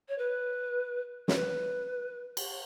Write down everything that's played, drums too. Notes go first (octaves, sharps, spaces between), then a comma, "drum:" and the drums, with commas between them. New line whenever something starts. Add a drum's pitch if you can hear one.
C#5
B4
C#5, drum: snare
B4
drum: cymbal